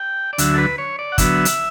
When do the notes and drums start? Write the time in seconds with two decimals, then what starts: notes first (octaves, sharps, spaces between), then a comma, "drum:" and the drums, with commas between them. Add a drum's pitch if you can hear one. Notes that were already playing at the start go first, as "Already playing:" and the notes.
Already playing: G5
0.33 D5
0.38 D2 D3 F#3 E5, drum: hi-hat
0.54 A4
0.58 B4
0.78 C#5
0.99 D5
1.12 F#5
1.18 D3 F#3 B3 E5, drum: kick, hi-hat
1.45 drum: hi-hat